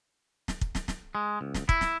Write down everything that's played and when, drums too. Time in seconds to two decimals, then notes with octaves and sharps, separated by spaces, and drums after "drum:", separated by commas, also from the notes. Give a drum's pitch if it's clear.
0.48 drum: snare
0.61 drum: kick
0.75 drum: snare
0.88 drum: snare
1.15 G#3
1.41 C#2
1.54 drum: snare
1.69 E4, drum: kick
1.81 drum: snare